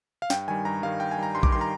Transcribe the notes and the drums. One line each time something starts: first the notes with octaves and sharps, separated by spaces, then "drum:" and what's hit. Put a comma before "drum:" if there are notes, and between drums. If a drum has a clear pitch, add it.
F5
G2 G5, drum: snare
D#3 G3 G#5
G2 A#5
D#3 G3 F5
G2 G5
G#5
D#3 G3 A#5
G2 C6
D6, drum: kick A#1
D#3 G3 C6
A#5